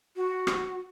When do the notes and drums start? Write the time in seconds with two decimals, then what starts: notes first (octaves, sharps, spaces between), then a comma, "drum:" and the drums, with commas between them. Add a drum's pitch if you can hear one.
0.16 F#4
0.47 drum: rim click